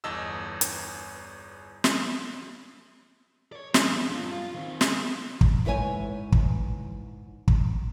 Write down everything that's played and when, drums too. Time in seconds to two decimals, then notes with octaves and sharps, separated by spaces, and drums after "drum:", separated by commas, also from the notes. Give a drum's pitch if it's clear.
0.04 G1 E2 D#5 A5 E6
0.61 drum: hi-hat
1.84 drum: snare
3.52 C#5 D5
3.74 D4 G#4, drum: snare
4.11 G2 F4
4.32 F4
4.54 D#3 C4
4.81 G#4, drum: snare
5.41 drum: kick
5.65 G#2 E4 B4 C#5 G#5
6.32 drum: kick
7.48 drum: kick